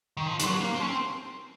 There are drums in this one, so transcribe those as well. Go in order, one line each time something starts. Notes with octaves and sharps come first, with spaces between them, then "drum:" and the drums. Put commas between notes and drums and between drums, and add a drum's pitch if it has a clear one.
D#3
F3
F3, drum: hi-hat
F#3
A#3
C4
C#4
C4